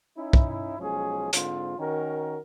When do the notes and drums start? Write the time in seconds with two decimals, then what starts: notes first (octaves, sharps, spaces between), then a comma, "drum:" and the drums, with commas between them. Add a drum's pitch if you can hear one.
0.18 C#4 D#4 E4
0.33 drum: kick
0.79 B1 F3 G#3 C#4 G#4
1.33 G#2 D3 C4 F4, drum: hi-hat
1.78 D#3 C#4 F#4 A#4